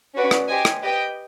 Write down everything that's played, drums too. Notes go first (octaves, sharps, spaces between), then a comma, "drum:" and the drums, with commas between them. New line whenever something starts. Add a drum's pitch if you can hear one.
C#4 F#4 B4 D5
drum: rim click
G4 C5 D#5 G#5
drum: rim click
G4 B4 D#5 G5